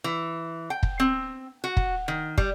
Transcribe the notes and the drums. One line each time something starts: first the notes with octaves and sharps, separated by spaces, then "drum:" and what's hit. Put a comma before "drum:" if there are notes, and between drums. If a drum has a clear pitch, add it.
E3
G5
drum: kick
C4
F#4
drum: kick
D#3
G3, drum: kick